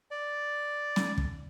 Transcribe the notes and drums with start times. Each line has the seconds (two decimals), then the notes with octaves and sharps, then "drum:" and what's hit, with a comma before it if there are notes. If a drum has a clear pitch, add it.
0.11 D5
0.96 drum: snare
1.18 drum: kick